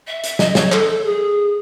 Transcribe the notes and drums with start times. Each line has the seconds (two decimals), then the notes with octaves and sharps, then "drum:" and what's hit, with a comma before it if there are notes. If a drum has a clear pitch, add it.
0.07 E5
0.24 E5, drum: hi-hat
0.39 D#5, drum: snare
0.55 C#5, drum: snare
0.72 A4, drum: clap
0.88 A4
1.04 G#4